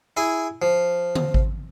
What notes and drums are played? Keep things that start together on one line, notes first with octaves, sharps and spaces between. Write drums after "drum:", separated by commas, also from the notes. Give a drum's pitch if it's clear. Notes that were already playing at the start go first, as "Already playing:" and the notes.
E4 G#4 G#5
F3
drum: tom D3
drum: kick G#1